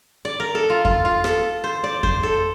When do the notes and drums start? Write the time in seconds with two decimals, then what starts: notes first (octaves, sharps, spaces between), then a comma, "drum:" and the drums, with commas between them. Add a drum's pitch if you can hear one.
0.25 D5
0.40 A#4
0.55 A4
0.70 F4
0.85 F4, drum: kick F2
1.05 F4
1.24 A4, drum: rim click
1.64 C5
1.84 D5
2.03 C5, drum: kick F2
2.23 A4